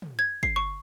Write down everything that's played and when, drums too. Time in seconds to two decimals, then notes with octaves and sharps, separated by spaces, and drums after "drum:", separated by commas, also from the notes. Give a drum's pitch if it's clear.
0.02 drum: tom
0.19 G#6
0.43 C7, drum: kick
0.56 C#6